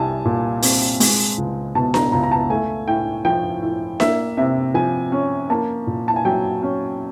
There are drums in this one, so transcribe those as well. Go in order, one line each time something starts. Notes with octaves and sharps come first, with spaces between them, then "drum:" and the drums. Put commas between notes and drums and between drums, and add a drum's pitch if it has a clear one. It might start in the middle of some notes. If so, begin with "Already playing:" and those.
Already playing: C2 G3 G#5 A5
A#2
C4, drum: open hi-hat
G#3, drum: open hi-hat
C#2
B2 A5
A#5, drum: snare D4
C#2 A#5
A#5
A5
A3 G#5
A2 G5
F3 G5
A2
A#3 E5, drum: snare D4
C3 E5
F3 G#5
C#4
A#3 A5
A#2
A5
G#5
F#3 G5
C#4